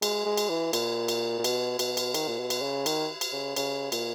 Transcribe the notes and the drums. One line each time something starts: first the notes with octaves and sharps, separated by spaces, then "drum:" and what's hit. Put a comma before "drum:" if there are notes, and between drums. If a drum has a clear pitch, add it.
G#3, drum: cymbal
G#3
drum: cymbal
E3
A#2, drum: cymbal
drum: cymbal
A#2
B2, drum: cymbal
B2, drum: cymbal
drum: cymbal
D#3, drum: cymbal
A#2
B2
drum: cymbal
C#3
D#3, drum: cymbal
drum: cymbal
C#3
C#3, drum: cymbal
A#2, drum: cymbal